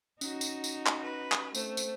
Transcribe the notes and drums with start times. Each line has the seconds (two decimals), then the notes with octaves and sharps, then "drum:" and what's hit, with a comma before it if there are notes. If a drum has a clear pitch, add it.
0.21 C#4 D#4 F#4, drum: tambourine
0.41 drum: tambourine
0.64 drum: tambourine
0.86 drum: clap
1.03 B4
1.32 drum: clap
1.55 A3 C4, drum: tambourine
1.77 drum: tambourine